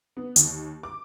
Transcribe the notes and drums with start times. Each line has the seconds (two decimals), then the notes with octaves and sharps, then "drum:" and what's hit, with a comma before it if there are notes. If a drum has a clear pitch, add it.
0.17 B3
0.36 D#2, drum: hi-hat
0.83 D6